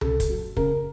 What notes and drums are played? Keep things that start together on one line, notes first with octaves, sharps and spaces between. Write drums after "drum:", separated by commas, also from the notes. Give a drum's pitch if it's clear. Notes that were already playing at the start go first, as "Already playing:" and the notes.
C#3 A4, drum: tom C2
drum: kick, hi-hat
F#3
C#3 A#4, drum: kick